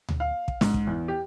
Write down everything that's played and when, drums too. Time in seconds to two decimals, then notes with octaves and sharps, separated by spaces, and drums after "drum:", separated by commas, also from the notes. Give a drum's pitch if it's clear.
0.09 drum: tom D2
0.20 F5
0.48 drum: kick
0.61 G#2, drum: snare
0.74 drum: kick
0.87 E2
1.08 G4